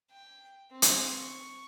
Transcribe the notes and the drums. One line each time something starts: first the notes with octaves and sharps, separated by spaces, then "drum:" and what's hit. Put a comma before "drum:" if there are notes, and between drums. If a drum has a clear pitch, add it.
G5
C4
drum: hi-hat
C#6